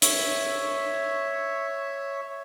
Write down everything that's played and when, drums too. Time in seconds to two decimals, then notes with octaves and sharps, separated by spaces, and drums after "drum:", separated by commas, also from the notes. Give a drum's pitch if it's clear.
0.02 C#5 E5, drum: hi-hat